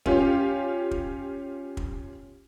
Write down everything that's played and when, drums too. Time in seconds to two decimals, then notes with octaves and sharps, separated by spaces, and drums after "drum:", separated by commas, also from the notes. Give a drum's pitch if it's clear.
0.06 C#4 F4 G4, drum: kick
0.91 drum: kick
1.77 drum: kick